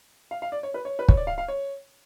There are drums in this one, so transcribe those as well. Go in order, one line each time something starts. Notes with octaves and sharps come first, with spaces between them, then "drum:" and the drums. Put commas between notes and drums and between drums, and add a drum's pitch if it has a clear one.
F5
F5
D5
C#5
B4
C#5
B4
C#5, drum: kick
D5
F5
F5
C#5